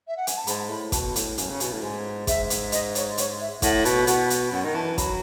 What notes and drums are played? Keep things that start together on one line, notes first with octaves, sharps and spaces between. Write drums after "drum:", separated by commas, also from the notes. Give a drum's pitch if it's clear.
E5
F#5
G#5, drum: hi-hat
A5
G#2 B5, drum: hi-hat
A2 B5
B2 A5, drum: kick, hi-hat
A2, drum: hi-hat
F#2 G#5, drum: hi-hat
C#3
B2 G#5, drum: hi-hat
A2
G#2 G#5
G#2 E5, drum: kick, hi-hat
drum: hi-hat
D#5, drum: hi-hat
C#5, drum: hi-hat
C#5, drum: hi-hat
E5
A2 F#5, drum: kick, hi-hat
B2, drum: hi-hat
B2 F#5, drum: hi-hat
drum: hi-hat
F#2 F#5
D#3
E3 A5
F#3 B5, drum: kick, hi-hat